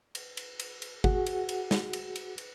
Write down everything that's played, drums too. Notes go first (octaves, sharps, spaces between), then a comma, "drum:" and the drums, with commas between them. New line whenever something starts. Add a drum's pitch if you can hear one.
drum: cymbal
drum: cymbal
drum: cymbal
drum: cymbal
F#4 G#4 F#5, drum: kick
drum: cymbal
drum: cymbal
drum: snare
drum: cymbal
drum: cymbal
drum: cymbal